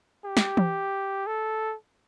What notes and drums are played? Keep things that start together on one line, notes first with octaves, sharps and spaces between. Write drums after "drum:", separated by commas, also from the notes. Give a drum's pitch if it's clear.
G4
drum: snare
drum: tom E3
A4